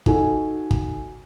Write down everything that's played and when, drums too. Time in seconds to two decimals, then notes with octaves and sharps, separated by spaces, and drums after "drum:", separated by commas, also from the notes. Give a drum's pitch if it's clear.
0.06 D#4 F#4 A4 G#5, drum: kick
0.71 drum: kick